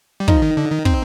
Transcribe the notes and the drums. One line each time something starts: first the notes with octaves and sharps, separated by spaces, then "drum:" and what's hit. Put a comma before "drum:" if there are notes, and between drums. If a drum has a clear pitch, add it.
G3
F3 D#4, drum: kick
D#3
D3
D#3
C4, drum: kick